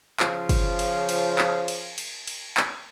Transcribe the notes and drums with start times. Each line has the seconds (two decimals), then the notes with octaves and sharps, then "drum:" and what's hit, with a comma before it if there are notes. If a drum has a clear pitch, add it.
0.20 C#3 F3, drum: clap
0.49 drum: kick, cymbal
0.79 drum: cymbal
1.09 drum: cymbal
1.38 drum: clap
1.68 drum: cymbal
1.98 drum: cymbal
2.27 drum: cymbal
2.57 drum: clap